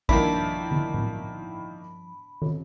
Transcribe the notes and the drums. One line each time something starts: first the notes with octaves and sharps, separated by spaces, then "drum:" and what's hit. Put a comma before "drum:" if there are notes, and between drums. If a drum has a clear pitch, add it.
G2 D#3 F3 A#3 D4 E4 B5, drum: kick
drum: tom D3
drum: tom A2
drum: tom